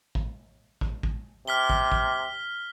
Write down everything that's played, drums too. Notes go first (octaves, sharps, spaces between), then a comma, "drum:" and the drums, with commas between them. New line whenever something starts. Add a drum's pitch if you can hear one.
drum: kick
drum: kick
drum: kick
C3 F6 B6 G7
drum: kick
drum: kick